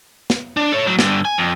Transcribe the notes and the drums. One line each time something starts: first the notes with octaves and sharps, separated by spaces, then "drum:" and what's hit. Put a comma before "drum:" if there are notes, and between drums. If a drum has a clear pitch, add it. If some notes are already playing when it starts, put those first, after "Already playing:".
drum: snare
D4
A4 C#5
A2 F#3
G2 D3, drum: snare
G#5
F2